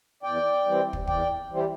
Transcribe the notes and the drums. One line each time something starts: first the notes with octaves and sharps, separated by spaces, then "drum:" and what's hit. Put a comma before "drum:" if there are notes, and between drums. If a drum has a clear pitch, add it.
E2 D5 G5
E3 G3 C4
drum: kick
E2 D5 G5, drum: kick
E3 G3 C4
G4